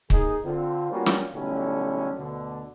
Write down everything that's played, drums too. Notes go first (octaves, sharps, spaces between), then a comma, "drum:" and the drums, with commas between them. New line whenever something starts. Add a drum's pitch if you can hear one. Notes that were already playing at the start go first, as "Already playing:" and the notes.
D#2 D#4 G#4, drum: kick
D3 C4 F4
G3 A#3 B3 C#4 F4 F#4
drum: snare
B1 A2 D3 G3 C#4
D2 B2 D3